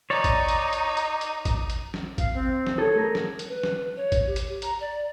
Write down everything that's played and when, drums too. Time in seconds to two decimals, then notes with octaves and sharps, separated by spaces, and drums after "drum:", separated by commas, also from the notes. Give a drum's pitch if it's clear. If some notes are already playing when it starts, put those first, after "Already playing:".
0.10 D#4 C#5 D5
0.24 drum: kick, hi-hat
0.48 drum: hi-hat
0.73 drum: hi-hat
0.97 drum: hi-hat
1.21 drum: hi-hat
1.45 drum: kick, hi-hat
1.70 drum: hi-hat
1.94 drum: snare
2.18 F5, drum: kick, hi-hat
2.34 C4
2.67 drum: snare
2.78 G#4 A4 C#5
2.95 A3 G#4 A#4
3.15 drum: snare
3.39 drum: hi-hat
3.49 B4
3.63 drum: snare
3.96 C#5
4.12 drum: kick, hi-hat
4.27 G4
4.36 drum: hi-hat
4.62 A#5, drum: hi-hat
4.80 D5